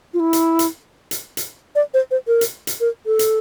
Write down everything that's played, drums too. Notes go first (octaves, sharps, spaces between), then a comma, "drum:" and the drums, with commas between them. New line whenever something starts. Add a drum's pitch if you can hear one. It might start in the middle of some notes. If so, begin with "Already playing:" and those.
F4
E4
drum: hi-hat
drum: hi-hat
drum: hi-hat
drum: hi-hat
D5
C5
C5
A#4
drum: hi-hat
drum: hi-hat
A#4
A4
drum: hi-hat